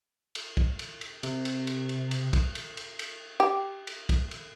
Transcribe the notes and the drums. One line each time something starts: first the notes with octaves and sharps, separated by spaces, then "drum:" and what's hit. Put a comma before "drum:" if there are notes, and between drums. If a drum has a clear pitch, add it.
drum: cymbal
drum: kick
drum: cymbal
drum: cymbal
C3, drum: cymbal
drum: cymbal
drum: cymbal
drum: cymbal
drum: cymbal
drum: kick, cymbal
drum: cymbal
drum: cymbal
drum: cymbal
G4
drum: cymbal
drum: kick, cymbal
drum: cymbal